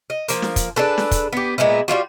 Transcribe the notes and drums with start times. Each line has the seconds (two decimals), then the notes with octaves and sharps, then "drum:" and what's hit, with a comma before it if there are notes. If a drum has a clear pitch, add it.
0.10 D#5
0.28 F3 A#3, drum: hi-hat
0.42 drum: snare
0.56 drum: kick, hi-hat
0.76 D4 G#4 A4 B4
0.98 drum: snare
1.11 drum: kick, hi-hat
1.33 B3 G4
1.58 A#2 G#3 B3 E4
1.88 G3 G#3 F4 F#4